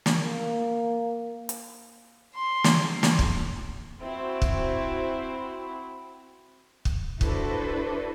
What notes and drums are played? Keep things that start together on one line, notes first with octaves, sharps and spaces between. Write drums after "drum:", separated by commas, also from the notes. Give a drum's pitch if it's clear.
drum: snare
A#3
drum: hi-hat
C6
drum: snare
drum: snare
drum: kick
C4 E4 F#4
drum: kick
drum: kick
D4 E4 F#4 A4 B4 C5, drum: kick